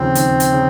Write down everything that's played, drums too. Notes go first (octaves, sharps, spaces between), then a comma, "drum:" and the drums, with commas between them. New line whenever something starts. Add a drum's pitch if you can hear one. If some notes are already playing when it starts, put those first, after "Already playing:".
Already playing: D#2 C#3 F3 C4
D#2, drum: hi-hat
drum: hi-hat
C#3